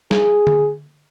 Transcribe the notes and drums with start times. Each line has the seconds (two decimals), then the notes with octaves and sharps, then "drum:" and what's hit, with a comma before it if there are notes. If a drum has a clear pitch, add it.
0.11 G#4, drum: snare
0.47 drum: tom D3